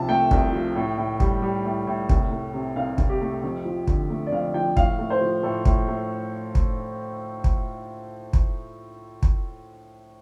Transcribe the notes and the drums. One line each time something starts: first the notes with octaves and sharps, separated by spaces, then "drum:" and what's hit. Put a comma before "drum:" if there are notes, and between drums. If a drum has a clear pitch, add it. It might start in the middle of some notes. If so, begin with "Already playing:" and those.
Already playing: C2 C3 F3 A5
A3 G5
C2, drum: kick
F3
A2
A2
G3, drum: kick
G3
A2
A2
C2, drum: kick
A3
C3
C2 F5
C2, drum: kick
G4
A3
F2
F3
D3, drum: kick
A3
D5
F2 F5
F3 G5
A2 F5, drum: kick
A3
C5
F3
A2 A4
A2, drum: kick
A3
drum: kick
drum: kick
drum: kick
drum: kick